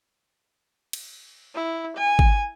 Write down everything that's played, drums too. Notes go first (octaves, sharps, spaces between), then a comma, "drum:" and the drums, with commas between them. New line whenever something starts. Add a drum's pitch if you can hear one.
drum: cymbal
E4
G#5
drum: kick